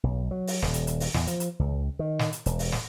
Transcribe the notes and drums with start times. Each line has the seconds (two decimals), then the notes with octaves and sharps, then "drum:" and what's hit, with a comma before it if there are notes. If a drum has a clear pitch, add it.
0.03 B1
0.31 F#3
0.47 drum: open hi-hat
0.62 D#1, drum: snare
0.74 drum: hi-hat
0.87 drum: hi-hat
1.00 drum: open hi-hat
1.14 E2, drum: snare
1.27 F3, drum: hi-hat
1.40 drum: hi-hat
1.59 C#2
1.99 D#3
2.19 drum: snare
2.33 drum: hi-hat
2.46 E1, drum: hi-hat
2.59 drum: open hi-hat
2.72 drum: snare